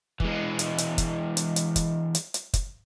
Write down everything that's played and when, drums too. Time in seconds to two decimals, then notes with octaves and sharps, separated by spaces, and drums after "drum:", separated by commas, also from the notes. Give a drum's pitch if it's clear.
0.20 E3 G#3, drum: kick
0.59 drum: hi-hat
0.78 drum: hi-hat
0.98 drum: kick, hi-hat
1.37 drum: hi-hat
1.56 drum: hi-hat
1.76 drum: kick, hi-hat
2.15 drum: hi-hat
2.34 drum: hi-hat
2.54 drum: kick, hi-hat